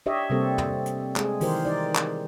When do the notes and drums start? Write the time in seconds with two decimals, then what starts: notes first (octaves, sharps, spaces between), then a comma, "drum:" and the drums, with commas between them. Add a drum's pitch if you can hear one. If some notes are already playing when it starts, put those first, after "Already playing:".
0.06 D4 G4 C#5 D#5 E5
0.30 C3 G3 A#3 C4 G4 A4
0.58 drum: tom
0.86 drum: hi-hat
1.16 G#3 G#4, drum: clap
1.41 D#3 E3 G4 A#4 C5, drum: open hi-hat
1.65 D#4 D5
1.96 drum: clap